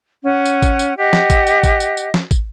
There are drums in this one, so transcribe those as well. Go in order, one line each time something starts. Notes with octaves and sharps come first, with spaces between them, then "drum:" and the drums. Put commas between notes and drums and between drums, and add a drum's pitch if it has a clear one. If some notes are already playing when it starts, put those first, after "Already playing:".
C#4 F#5
drum: tambourine
drum: kick, tambourine
drum: tambourine
G4 D#5 F#5
drum: snare
drum: kick, tambourine
drum: tambourine
drum: kick, tambourine
drum: tambourine
drum: tambourine
drum: snare
drum: kick, tambourine